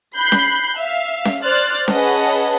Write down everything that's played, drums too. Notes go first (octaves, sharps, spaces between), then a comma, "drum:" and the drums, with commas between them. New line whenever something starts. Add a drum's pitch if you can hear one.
B5 F#6 G6 C7
drum: snare C#4
E5 F5
drum: snare C#4
C5 D5 F6 F#6 A6
C#4 G#4 B4 D#5 F#5 A5, drum: snare C#4